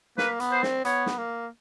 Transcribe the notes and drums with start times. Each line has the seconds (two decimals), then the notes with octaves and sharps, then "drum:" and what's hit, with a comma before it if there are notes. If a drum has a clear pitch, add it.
0.18 A#3 B4, drum: snare
0.40 B3, drum: hi-hat
0.51 C5
0.63 C4, drum: snare
0.85 B3 C#5, drum: hi-hat
1.06 drum: snare
1.18 A#3